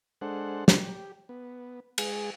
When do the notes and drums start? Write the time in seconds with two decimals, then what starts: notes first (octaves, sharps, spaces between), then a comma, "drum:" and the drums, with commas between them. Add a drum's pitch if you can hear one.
0.21 G#3 D4 A4 C5 F#5
0.68 G4, drum: snare
1.29 B3
1.98 G#3 G#4, drum: cymbal